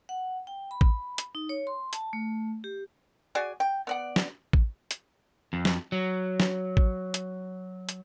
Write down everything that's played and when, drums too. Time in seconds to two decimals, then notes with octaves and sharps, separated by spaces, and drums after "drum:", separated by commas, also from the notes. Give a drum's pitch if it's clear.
0.09 F#5
0.47 G5
0.71 B5
0.81 drum: kick A1
1.18 drum: hi-hat
1.35 D#4
1.49 C#5
1.67 C6
1.93 A5, drum: hi-hat
2.13 A3
2.64 G4
3.35 F#4 G#4 D5 G#5
3.60 G5
3.87 B3 D5 F#5
4.16 drum: snare
4.53 drum: kick A1
4.91 drum: hi-hat
5.53 F2
5.65 drum: snare
5.92 F#3
6.40 drum: snare
6.77 drum: kick A1
7.14 drum: hi-hat
7.89 drum: hi-hat